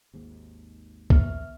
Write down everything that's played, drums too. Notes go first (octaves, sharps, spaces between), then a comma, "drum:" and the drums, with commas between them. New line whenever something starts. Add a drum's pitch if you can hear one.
G#1 D#2 G#2
B3 E5 F6, drum: kick C2